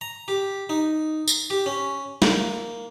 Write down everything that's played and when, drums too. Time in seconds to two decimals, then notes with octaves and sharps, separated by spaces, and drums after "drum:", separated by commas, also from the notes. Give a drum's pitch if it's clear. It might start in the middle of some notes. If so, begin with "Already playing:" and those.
0.01 A#5
0.28 G4
0.70 D#4
1.28 drum: tambourine
1.50 G4
1.66 C#4
2.22 A#3, drum: snare